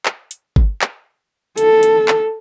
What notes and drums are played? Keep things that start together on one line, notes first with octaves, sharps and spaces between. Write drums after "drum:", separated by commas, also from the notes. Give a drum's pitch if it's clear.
drum: clap
drum: hi-hat
drum: kick G1
drum: clap
A4, drum: hi-hat
drum: hi-hat
drum: clap